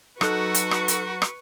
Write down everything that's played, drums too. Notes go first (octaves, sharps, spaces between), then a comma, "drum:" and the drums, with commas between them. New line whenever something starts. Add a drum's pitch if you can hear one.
F#3 D#4 F#4 A4 B4 C#6 F#6, drum: rim click
drum: hi-hat
drum: rim click
drum: hi-hat
drum: rim click